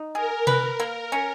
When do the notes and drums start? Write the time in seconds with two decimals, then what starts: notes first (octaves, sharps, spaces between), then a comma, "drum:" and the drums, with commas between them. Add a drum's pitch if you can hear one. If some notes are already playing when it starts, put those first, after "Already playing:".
Already playing: D#4
0.15 G#4 A#4
0.47 B4, drum: tom C3
0.80 A#3
1.12 C#4